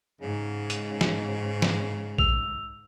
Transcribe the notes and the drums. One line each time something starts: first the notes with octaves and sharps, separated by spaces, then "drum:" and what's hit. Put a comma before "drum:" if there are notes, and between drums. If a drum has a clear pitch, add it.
G#2 C#3
drum: hi-hat
drum: snare
drum: snare
E6 F7, drum: kick A#1